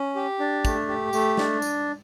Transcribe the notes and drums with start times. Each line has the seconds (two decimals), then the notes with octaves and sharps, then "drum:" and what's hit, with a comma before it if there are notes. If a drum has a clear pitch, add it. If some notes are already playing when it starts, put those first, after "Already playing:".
Already playing: C#4
0.15 G4
0.40 D4
0.65 A3, drum: kick, tambourine
0.88 G4
1.13 A3, drum: tambourine
1.37 D4, drum: snare
1.62 drum: tambourine